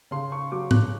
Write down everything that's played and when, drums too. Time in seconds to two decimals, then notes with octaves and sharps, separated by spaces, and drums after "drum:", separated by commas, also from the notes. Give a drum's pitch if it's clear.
0.11 C#3 C6
0.32 C#6
0.52 F#3 D6
0.71 F#6, drum: tom G#2